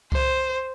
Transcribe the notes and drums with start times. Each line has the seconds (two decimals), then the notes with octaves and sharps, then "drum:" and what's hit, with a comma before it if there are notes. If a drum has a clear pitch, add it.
0.12 C5, drum: kick C2